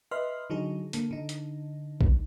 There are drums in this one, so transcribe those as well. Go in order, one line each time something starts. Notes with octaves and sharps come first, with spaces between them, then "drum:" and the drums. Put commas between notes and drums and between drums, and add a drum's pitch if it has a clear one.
B4 D#5 E5 B5 C6 F6
D3 F#3 D#4 G#4
D3 A#3, drum: hi-hat
D3 D#4
drum: hi-hat
drum: kick A#1